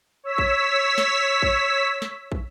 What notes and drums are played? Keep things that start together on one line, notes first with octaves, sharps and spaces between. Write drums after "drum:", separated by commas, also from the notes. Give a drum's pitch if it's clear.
C#5 E6 B6
drum: kick
drum: snare
drum: kick
drum: snare
drum: kick